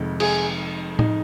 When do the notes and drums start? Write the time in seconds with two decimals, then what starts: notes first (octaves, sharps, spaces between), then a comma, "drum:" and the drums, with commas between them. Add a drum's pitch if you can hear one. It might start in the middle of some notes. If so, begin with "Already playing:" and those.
Already playing: F1 F2 D#3 G#3
0.20 G#4, drum: cymbal
0.99 D#4, drum: tom A2